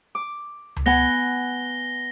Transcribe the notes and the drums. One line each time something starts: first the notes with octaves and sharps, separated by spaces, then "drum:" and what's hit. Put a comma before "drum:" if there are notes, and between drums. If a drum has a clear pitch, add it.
D6
drum: tom C#2
B3 F#5 G#5 A#6 G7